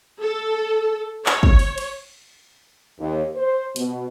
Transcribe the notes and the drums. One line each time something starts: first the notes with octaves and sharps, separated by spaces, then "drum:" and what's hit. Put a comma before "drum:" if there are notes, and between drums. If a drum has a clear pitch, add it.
A4
C#5, drum: clap
drum: kick
drum: open hi-hat
drum: cymbal
D#2
C5
B2, drum: hi-hat